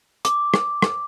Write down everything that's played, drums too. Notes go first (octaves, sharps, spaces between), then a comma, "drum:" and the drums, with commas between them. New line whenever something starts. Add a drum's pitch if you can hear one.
D6, drum: hi-hat
drum: rim click
drum: rim click